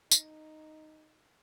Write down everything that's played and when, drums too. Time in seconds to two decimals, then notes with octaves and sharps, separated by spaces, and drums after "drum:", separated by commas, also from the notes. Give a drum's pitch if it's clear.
0.11 D#4, drum: tambourine